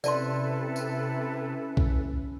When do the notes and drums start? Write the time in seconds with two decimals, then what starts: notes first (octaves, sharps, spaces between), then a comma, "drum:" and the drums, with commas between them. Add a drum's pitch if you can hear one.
0.04 C3 C#4 E4 A4 B4 D5 A5 C6, drum: tambourine
0.76 drum: tambourine
1.77 drum: kick B1